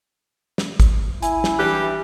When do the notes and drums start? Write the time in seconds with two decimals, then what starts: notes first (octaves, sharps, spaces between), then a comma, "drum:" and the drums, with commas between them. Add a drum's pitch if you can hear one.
0.58 drum: snare
0.80 drum: kick, hi-hat
1.22 E4 G#5, drum: hi-hat
1.44 drum: snare
1.59 E3 G3 D4 G4 F#6